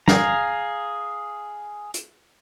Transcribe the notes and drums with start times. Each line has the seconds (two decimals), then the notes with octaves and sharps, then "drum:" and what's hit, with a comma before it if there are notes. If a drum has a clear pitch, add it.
0.08 G#4 F5 A#5, drum: snare
1.94 drum: hi-hat